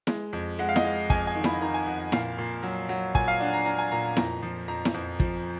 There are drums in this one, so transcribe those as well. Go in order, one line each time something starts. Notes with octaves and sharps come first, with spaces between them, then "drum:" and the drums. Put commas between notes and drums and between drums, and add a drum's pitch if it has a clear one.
G#3, drum: snare E4
F2
G#3 F#5
F5
D#5, drum: snare E4
G#3
F2 G#5, drum: kick
G#5
D#3
B5, drum: snare E4
D#3 A#5
G#5
F2 F#5
F#5
A#2 F5, drum: snare E4
A#2
F#3
F#3
A#2 G#5, drum: kick
F5
D4 F#5
A#5
D4 A#5
G#5
A#2 A#5
F2 A#5, drum: snare E4
F3
F2 A#5
drum: snare E4
F2
F3, drum: kick